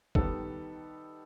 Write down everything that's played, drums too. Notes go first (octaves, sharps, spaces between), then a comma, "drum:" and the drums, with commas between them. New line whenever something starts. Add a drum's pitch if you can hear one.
D#3 G3 B3 A4, drum: kick